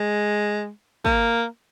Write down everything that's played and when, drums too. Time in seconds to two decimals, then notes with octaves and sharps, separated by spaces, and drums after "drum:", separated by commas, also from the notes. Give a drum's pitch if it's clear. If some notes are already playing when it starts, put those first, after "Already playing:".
Already playing: G#3
1.05 A#3, drum: kick